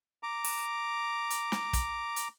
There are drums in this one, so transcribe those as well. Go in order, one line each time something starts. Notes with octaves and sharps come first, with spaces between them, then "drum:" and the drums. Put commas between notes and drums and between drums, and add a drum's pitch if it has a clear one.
A#5 D6
drum: open hi-hat
drum: hi-hat
drum: snare
drum: kick, hi-hat
drum: hi-hat